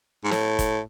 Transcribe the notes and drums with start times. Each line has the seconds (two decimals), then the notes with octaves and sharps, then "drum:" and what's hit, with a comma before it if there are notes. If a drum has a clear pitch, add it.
0.24 G#2
0.31 A2, drum: snare
0.59 drum: kick, hi-hat